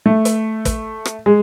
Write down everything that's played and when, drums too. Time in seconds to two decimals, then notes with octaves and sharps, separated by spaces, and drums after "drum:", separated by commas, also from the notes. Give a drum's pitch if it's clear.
0.06 A3
0.25 drum: hi-hat
0.65 drum: kick, hi-hat
1.05 drum: rim click
1.26 G#3